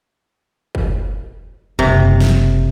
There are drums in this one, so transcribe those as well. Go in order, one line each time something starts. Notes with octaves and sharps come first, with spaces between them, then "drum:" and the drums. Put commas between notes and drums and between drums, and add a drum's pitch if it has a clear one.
drum: kick
F#1 C3
drum: snare